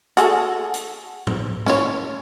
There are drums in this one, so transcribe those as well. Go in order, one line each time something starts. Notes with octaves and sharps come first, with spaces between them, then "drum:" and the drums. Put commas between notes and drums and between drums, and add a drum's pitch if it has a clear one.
F#4 G#4 A4, drum: hi-hat
drum: hi-hat
drum: tom G#2
C#4 C#5, drum: snare